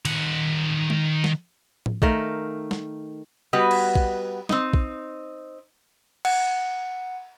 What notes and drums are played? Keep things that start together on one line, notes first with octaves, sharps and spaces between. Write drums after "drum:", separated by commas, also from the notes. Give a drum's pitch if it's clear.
D#3 F#5, drum: cymbal
drum: tom G#3
drum: snare
drum: tom A2
D#3 A3 A#4 F5, drum: kick
drum: snare
G3 B3 F#4 B4 D#5
drum: cymbal
drum: kick
C4 D#4, drum: snare
drum: kick
F#5, drum: cymbal